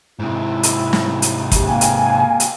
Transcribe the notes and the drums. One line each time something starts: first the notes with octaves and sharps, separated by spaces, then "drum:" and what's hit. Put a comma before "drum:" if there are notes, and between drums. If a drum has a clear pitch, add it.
G#2 C3 E4
drum: hi-hat
drum: snare
drum: hi-hat
G4, drum: kick, hi-hat
A#3 G5 G#5
drum: hi-hat
drum: hi-hat